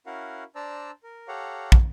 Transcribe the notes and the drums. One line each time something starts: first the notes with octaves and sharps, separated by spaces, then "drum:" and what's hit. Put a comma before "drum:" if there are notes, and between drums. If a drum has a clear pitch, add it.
C#4 E4 F#4 A#4 F5 F#5
D4 C5 D5 A5 A#5 E6
A#4
G4 A4 C#5 F5 F#5 A#5
drum: kick